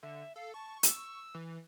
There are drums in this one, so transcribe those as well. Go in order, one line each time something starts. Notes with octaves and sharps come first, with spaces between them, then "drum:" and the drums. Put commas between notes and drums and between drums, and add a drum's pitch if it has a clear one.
D3 E5
A4 F5
A5 C#6
E6, drum: hi-hat
E3